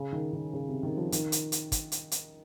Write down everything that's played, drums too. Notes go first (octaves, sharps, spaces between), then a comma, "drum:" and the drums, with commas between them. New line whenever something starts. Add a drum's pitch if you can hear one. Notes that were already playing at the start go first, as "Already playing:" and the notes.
Already playing: C#3
D#3
D#3
C#3
C3
D#3
F3
D#3, drum: hi-hat
drum: hi-hat
drum: hi-hat
drum: kick, hi-hat
drum: hi-hat
drum: hi-hat